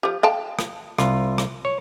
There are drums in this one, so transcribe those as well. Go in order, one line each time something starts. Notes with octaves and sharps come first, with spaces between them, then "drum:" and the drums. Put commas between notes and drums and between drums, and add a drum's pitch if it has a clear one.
F3 G4
F5 G5 A5
drum: rim click
C2 F4, drum: rim click
drum: rim click
C#5